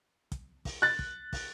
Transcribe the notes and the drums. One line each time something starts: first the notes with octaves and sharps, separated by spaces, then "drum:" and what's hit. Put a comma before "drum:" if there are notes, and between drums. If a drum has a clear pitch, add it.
drum: kick, hi-hat
drum: kick, open hi-hat
F#6 A6
drum: kick
drum: kick, open hi-hat